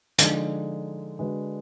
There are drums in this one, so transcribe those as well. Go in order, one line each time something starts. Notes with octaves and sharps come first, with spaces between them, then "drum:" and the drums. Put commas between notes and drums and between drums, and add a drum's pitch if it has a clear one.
D3 F3 G#3 D#4, drum: hi-hat
D3 G#3 D4 F#4 B4